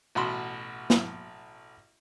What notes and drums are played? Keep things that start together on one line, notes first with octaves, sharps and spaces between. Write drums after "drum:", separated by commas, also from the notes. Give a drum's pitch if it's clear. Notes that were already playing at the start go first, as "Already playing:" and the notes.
A1 B2 F#4 B5 C6
drum: snare